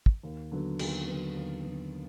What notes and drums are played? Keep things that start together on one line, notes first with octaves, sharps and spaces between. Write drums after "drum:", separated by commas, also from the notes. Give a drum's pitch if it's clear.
drum: kick
D#2
D3 F#3 B3
D#2, drum: cymbal
D3 F#3 B3
D#2
D3 F#3 B3